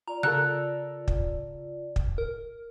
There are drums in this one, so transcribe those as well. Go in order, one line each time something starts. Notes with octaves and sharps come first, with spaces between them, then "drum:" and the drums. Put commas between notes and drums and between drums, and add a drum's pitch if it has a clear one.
F4 D5 A#5
C#3 A4 A#4 F#6
drum: kick
drum: kick
A#4